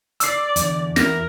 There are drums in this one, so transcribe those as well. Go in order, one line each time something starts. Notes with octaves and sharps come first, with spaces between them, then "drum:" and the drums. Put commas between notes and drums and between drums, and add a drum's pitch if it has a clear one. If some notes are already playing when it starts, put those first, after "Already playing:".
D5 E6 C7, drum: hi-hat
E2 D3, drum: hi-hat
E2 E4 A#4 A#6, drum: snare